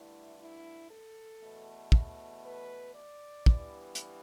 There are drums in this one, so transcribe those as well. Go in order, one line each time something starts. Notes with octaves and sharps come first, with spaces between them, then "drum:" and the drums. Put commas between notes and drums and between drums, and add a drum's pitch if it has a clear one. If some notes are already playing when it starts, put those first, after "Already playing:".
Already playing: G2 D3 A3 E4
E4
A4
E2 B2 A3
drum: kick
B4
D5
G2 E3 G3 B3, drum: kick
drum: hi-hat